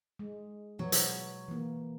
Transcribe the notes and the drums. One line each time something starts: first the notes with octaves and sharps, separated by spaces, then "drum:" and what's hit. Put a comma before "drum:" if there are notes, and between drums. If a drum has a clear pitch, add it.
G#3
B2 F#3 B3
drum: hi-hat
E3 A#3